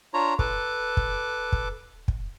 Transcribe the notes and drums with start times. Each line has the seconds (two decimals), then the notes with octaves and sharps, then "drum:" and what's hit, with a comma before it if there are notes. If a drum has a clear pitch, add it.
0.14 D4 F4 C#5 A#5
0.39 A4 B4 D6, drum: kick
0.97 drum: kick
1.52 drum: kick
2.08 drum: kick